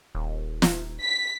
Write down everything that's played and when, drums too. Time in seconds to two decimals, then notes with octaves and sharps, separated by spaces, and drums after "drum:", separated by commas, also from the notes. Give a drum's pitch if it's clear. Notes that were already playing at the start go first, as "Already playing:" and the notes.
0.15 D#1
0.62 drum: snare
1.01 B6